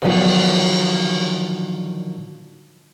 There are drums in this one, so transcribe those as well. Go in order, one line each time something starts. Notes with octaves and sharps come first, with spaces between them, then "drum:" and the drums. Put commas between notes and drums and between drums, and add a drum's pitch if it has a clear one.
A#2 D3 D#3 F3 F#3 B3, drum: cymbal